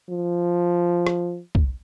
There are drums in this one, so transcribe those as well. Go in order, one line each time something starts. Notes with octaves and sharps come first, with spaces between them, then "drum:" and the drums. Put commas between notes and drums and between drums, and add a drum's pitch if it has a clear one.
F3
drum: rim click
drum: kick